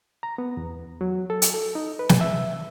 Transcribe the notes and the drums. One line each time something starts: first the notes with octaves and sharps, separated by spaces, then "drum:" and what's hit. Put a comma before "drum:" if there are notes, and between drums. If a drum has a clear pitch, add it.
A#5
B3
E2
F#3
A4
drum: hi-hat
A4
D#4
B4
drum: snare
E5